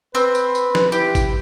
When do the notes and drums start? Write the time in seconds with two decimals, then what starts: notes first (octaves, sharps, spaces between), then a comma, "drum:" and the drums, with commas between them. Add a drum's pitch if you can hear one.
0.15 C4 B4, drum: tambourine
0.35 drum: tambourine
0.55 drum: tambourine
0.75 drum: snare
0.92 E4 G4, drum: tambourine
1.15 drum: kick G#1, tambourine